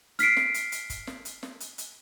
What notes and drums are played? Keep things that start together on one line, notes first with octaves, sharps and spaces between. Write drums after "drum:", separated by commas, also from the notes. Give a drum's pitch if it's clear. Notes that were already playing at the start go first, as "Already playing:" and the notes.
F6 B6 C7 D7, drum: hi-hat
drum: snare
drum: hi-hat
drum: hi-hat
drum: kick, hi-hat
drum: snare
drum: hi-hat
drum: snare
drum: hi-hat
drum: hi-hat